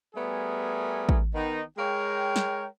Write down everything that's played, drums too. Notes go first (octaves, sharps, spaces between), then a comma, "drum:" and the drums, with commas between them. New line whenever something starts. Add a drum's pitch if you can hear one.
G3 A3 B3 G#4 A#4 G#5
drum: kick
D#3 B3 D#4
G#3 A#4 C#5 G5
drum: snare